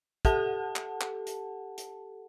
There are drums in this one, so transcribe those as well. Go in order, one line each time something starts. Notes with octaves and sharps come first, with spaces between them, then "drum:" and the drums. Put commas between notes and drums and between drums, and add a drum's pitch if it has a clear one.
G4 A4 F#5 A5, drum: kick, hi-hat
drum: clap
drum: clap
drum: hi-hat
drum: hi-hat